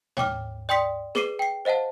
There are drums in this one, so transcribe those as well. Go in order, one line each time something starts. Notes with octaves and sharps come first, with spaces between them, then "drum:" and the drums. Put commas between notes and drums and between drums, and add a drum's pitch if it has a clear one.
C#5 G5 D6 F6, drum: tom
D5 G5 C6 D#6 B6 C#7
G#4 B4 D6 C7 D#7, drum: snare
G5 C7
C5 D#5 F5 F#5 A5